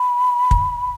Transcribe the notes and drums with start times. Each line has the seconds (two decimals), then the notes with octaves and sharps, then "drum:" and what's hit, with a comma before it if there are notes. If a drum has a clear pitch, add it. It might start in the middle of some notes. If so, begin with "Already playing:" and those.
Already playing: B5
0.51 drum: kick